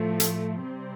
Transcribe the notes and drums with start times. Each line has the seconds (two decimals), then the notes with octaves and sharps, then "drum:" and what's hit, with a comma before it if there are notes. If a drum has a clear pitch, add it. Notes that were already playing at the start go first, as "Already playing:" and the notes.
Already playing: A2 F3 A3
0.20 drum: hi-hat
0.63 C3 G3 C4